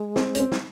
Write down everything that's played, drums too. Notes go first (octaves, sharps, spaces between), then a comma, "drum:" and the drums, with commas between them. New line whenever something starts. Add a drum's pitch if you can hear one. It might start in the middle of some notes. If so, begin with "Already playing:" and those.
Already playing: G#3
C4, drum: snare
C#4, drum: hi-hat
C4
drum: snare